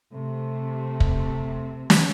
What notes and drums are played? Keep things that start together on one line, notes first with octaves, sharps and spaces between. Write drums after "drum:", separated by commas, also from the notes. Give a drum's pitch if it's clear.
C3 A3
drum: kick
drum: snare